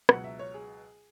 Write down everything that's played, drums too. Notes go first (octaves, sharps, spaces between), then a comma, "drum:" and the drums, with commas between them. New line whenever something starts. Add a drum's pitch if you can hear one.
C#2 B2 F#3 F#5, drum: rim click
E5
C#5
G#4